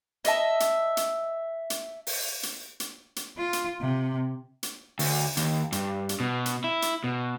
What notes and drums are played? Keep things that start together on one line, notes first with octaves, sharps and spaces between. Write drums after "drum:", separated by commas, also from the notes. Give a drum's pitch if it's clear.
D#5 E5 A5, drum: hi-hat
drum: hi-hat
drum: hi-hat
drum: hi-hat
drum: open hi-hat
drum: hi-hat
drum: hi-hat
drum: hi-hat
F4
drum: hi-hat
C3
drum: hi-hat
D2, drum: open hi-hat
D#2, drum: hi-hat
G2, drum: hi-hat
drum: hi-hat
B2
drum: hi-hat
E4
drum: hi-hat
B2